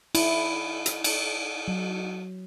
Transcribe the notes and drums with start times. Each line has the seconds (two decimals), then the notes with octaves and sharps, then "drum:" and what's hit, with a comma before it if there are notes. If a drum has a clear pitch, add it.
0.15 E4, drum: cymbal
0.86 drum: hi-hat
1.04 drum: cymbal
1.68 F#3